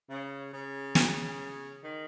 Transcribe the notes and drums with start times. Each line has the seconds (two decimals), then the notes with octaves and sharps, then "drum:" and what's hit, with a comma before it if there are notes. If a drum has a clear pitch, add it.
0.08 C#3
0.52 C#3
0.95 drum: snare
1.82 D#3